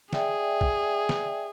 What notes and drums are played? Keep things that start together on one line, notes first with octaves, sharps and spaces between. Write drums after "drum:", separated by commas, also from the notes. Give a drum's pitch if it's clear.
G#4 D5 E5 G5, drum: snare
drum: kick
drum: snare